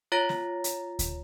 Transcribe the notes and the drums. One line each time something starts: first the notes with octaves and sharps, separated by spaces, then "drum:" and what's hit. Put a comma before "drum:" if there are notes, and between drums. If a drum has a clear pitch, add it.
F4 C#5 A#5 A6 A#6
drum: snare
drum: hi-hat
drum: kick D2, hi-hat